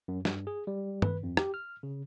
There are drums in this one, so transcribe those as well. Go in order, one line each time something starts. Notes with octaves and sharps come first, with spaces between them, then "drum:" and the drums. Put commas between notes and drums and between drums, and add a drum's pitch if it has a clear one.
F#2
G2, drum: snare
G#4
G3
B4, drum: tom
F2
G4, drum: rim click
F6
C#3